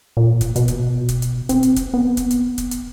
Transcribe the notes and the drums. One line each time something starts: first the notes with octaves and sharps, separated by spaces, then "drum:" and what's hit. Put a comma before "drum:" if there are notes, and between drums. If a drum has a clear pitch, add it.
A#2
drum: kick, hi-hat
B2, drum: hi-hat
drum: kick, hi-hat
drum: kick, hi-hat
drum: hi-hat
C4, drum: kick, hi-hat
drum: hi-hat
drum: kick, hi-hat
B3
drum: kick, hi-hat
drum: hi-hat
drum: kick, hi-hat
drum: hi-hat